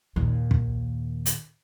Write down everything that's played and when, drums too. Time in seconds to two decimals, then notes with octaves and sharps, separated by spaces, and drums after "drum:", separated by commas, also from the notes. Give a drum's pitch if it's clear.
0.16 D#2 A#2
0.51 drum: kick
1.26 drum: hi-hat